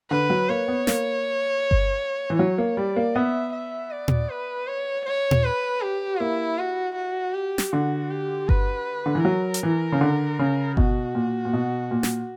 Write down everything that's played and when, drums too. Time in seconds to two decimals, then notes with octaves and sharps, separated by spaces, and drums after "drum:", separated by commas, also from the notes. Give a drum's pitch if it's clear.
0.10 D3 B4
0.30 F#3
0.49 A#3 C#5
0.68 B3
0.87 A#3, drum: snare
1.71 drum: kick G1
2.30 E3
2.39 F#3 C#5
2.58 A#3
2.77 G3 D5
2.96 A#3
3.15 B3 E5
3.53 E5
3.92 D5
4.08 drum: tom A#2
4.29 B4
4.68 C#5
5.06 C#5
5.31 drum: tom A#2
5.44 B4
5.81 G4
6.20 A#3 E4
6.59 F#4
6.96 F#4
7.34 G4
7.58 drum: snare
7.72 D3 F#4
8.10 G4
8.49 B4, drum: kick G1
9.06 D3
9.15 E3
9.25 F#3 A#4
9.54 drum: hi-hat
9.63 E3
9.92 C#3
10.01 D3
10.39 C#3
10.77 B2 F#4, drum: kick G1
11.15 A#2
11.45 A#2
11.53 B2
11.91 A#2
12.03 drum: snare